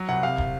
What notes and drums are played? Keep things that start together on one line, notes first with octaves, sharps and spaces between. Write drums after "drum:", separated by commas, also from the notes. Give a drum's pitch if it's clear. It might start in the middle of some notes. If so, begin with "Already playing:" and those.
Already playing: F#3
C2 F#5
C3 F5
drum: kick